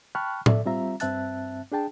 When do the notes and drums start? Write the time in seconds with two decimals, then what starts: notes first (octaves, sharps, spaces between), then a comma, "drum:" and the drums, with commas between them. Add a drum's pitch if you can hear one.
0.15 G5 A5 B5 C#6 F6 F#6
0.46 A4 D5 E5, drum: tom A2
0.66 G3 C4 F4 E5 A#5
1.00 G2 C4 E5 A5 F#6 A6, drum: hi-hat
1.72 D4 G#4 G5 A5